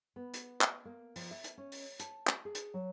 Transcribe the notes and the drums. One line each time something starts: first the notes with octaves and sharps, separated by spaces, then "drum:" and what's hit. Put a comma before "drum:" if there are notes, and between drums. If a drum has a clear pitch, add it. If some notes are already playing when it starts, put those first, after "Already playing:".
B3
drum: hi-hat
drum: clap
A#3
F3, drum: open hi-hat
E5
drum: hi-hat
C#4
drum: open hi-hat
A5, drum: hi-hat
drum: clap
G#4
drum: hi-hat
F#3